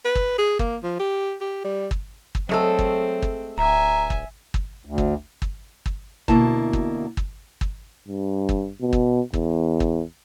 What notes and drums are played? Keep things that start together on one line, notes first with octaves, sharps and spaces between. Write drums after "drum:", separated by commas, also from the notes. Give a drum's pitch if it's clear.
B4
drum: kick
G#4
A#3, drum: kick
F3
G4
G4
G3
drum: kick
drum: kick
F#3 G#3 A3 C4 A4
drum: kick
drum: kick
D1 E5 G#5 A#5
drum: kick
drum: kick
D2
drum: kick
drum: kick
drum: kick
D2 B2 A#3 E4 A5, drum: kick
drum: kick
drum: kick
drum: kick
G2
drum: kick
B2
drum: kick
E2, drum: kick
drum: kick